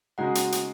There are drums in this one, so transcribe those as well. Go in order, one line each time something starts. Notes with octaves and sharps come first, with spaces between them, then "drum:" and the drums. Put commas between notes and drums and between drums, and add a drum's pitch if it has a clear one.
C#3 G#3 D#4 F#4 F#5
drum: hi-hat
drum: hi-hat